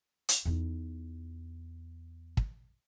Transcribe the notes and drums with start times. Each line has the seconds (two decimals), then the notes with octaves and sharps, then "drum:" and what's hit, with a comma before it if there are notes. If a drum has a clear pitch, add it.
0.29 drum: hi-hat
0.45 E2 D#4
2.37 drum: kick